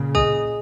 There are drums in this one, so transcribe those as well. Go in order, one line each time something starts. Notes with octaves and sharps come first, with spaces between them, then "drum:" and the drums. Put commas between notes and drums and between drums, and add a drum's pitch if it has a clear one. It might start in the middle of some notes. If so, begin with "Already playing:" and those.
Already playing: A#2 C#3
G#4 D#5 G#5 D#6, drum: kick